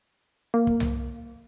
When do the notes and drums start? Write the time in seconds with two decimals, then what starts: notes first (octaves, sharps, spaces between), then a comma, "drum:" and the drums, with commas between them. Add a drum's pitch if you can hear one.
0.54 A#3
0.67 drum: kick
0.80 drum: tom C2